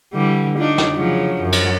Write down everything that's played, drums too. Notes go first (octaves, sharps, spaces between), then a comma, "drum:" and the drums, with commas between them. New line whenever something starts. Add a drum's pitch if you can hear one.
D3 E3 G3
D4 D#4 F4
drum: snare
C#3 F3 F#3
F#2
drum: cymbal